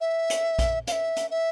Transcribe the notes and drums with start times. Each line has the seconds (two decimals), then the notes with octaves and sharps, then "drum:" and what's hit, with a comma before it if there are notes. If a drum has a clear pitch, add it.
0.01 E5
0.30 drum: hi-hat
0.59 drum: kick A#1, hi-hat
0.87 F5, drum: hi-hat
0.92 E5
1.17 drum: hi-hat
1.31 E5